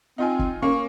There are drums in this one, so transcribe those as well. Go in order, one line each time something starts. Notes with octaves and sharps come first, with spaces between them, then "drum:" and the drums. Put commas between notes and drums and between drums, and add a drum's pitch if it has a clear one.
C4 D#4 F4 G#5
drum: kick
A#3 C#4 C#6